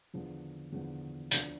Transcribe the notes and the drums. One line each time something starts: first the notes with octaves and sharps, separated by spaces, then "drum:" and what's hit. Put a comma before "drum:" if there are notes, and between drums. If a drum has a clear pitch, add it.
E2 D3 F3
E2 D3 F3
D2 D3 F3 D4, drum: hi-hat